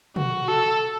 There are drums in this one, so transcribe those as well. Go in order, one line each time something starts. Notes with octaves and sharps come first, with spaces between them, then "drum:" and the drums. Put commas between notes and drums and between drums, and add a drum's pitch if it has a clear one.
F#4, drum: tom
A4